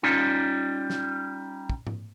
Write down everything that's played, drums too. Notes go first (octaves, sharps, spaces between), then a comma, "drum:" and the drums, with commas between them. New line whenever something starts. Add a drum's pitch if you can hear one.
G3 C#4 D#4 F4
drum: snare
drum: kick
drum: tom G#2